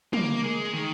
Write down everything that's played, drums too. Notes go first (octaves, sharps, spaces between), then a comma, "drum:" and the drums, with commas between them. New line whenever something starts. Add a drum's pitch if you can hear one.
A#3, drum: tom
G#3
D#3